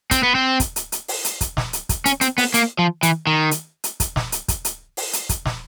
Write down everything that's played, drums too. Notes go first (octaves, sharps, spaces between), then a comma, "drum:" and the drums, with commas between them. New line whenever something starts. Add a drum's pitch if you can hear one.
C4, drum: kick, hi-hat
B3
C4
drum: kick, hi-hat
drum: hi-hat
drum: hi-hat
drum: open hi-hat
drum: hi-hat
drum: kick, hi-hat
drum: snare
drum: hi-hat
drum: kick, hi-hat
C#4, drum: hi-hat
C4, drum: hi-hat
B3, drum: open hi-hat
A#3, drum: hi-hat
F3
E3, drum: hi-hat
D#3
drum: hi-hat
drum: hi-hat
drum: kick, hi-hat
drum: snare
drum: hi-hat
drum: kick, hi-hat
drum: hi-hat
drum: open hi-hat
drum: hi-hat
drum: kick, hi-hat
drum: snare